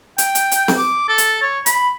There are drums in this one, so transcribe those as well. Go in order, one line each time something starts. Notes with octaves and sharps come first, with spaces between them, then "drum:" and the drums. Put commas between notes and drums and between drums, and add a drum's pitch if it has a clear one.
G5, drum: hi-hat
drum: hi-hat
drum: hi-hat
drum: snare C4
D6
A4
drum: hi-hat
C#5
B5, drum: hi-hat